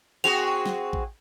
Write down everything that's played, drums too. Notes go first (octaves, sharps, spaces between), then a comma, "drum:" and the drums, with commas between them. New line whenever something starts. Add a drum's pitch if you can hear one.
C4 F#4 G#4 F7
drum: snare
drum: kick A1